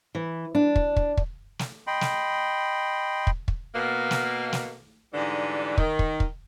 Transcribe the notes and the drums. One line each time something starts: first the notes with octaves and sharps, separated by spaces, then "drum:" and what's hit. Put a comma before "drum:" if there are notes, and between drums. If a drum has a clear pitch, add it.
E3
D4
drum: kick
drum: kick
drum: kick
drum: snare
D#5 G5 B5 C6
drum: snare
drum: kick
drum: kick
B2 A#3
drum: snare
drum: snare
G#2 D3 E3 G3
D#3, drum: kick
drum: kick
drum: kick